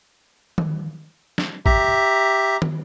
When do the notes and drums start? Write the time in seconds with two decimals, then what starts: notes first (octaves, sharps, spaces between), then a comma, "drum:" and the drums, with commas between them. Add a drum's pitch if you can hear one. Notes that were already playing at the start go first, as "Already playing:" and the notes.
0.58 drum: tom D#3
1.38 drum: snare
1.66 G4 E5 A#5, drum: kick
2.62 drum: tom